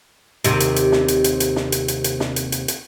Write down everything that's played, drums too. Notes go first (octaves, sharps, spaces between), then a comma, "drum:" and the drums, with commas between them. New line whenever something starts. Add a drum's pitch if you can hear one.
D#2 C3, drum: hi-hat
drum: hi-hat
drum: hi-hat
drum: snare
drum: hi-hat
drum: hi-hat
drum: hi-hat
drum: snare
drum: hi-hat
drum: hi-hat
drum: hi-hat
drum: snare
drum: hi-hat
drum: hi-hat
drum: hi-hat